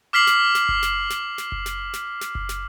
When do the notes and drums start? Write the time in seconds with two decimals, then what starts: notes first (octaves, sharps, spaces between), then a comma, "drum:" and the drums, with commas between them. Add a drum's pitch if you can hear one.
0.13 D6 F6 B6 C7 F#7
0.27 drum: snare
0.55 drum: snare
0.69 drum: kick F#1
0.83 drum: snare
1.10 drum: snare
1.38 drum: snare
1.52 drum: kick F#1
1.66 drum: snare
1.93 drum: snare
2.21 drum: snare
2.35 drum: kick F#1
2.49 drum: snare